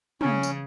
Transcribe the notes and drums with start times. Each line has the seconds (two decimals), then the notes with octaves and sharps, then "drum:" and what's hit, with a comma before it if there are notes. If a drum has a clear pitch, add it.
0.21 C#3 C#4, drum: tom
0.43 drum: tambourine